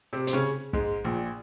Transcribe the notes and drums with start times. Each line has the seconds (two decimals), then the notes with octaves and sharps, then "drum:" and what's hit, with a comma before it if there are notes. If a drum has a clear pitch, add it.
0.13 C3 C4
0.27 C4, drum: hi-hat
0.33 C#3 C#4
0.73 G#2 G#3, drum: kick
1.04 A#1 A#2